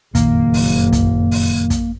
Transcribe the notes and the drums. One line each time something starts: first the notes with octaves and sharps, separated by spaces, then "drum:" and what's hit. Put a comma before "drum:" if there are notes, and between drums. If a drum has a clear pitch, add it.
F#1 F2 A#2 D#3 A#3, drum: kick, hi-hat
drum: open hi-hat
drum: kick, hi-hat
drum: open hi-hat
drum: kick, hi-hat